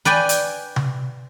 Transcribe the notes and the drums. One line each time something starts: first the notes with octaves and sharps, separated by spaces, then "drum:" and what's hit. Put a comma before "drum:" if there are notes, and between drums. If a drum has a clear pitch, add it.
B4 D5 G5 G#5
drum: hi-hat
drum: tom C3